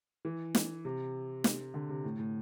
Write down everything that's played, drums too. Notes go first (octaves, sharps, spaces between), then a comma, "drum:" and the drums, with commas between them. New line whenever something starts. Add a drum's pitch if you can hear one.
E3
drum: snare
C3
drum: snare
D3
C3
A2
A2